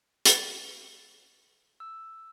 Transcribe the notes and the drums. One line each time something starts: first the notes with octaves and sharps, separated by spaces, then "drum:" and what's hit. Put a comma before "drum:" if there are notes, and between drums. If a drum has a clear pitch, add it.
A6, drum: hi-hat
E6